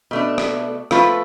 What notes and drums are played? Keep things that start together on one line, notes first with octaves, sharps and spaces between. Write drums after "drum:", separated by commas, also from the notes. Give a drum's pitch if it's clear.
B2 A3 D4
drum: rim click
F3 A3 F4 B4, drum: rim click